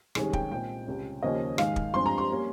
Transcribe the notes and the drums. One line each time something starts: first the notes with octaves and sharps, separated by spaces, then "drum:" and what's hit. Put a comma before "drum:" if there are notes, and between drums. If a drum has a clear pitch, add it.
C2 C3 D#3 G#3 C#4 G#4, drum: rim click
G5, drum: kick
A#2 G#3 C4 G5
C#2 C3 G3 C#4
D#2 C#3 F3 A#3 C#4 D#5
G#2 D#3 G#3 F5, drum: rim click
drum: kick
G2 F3 G#3 C4 C6
A#5
C6
G3 A#3 C#4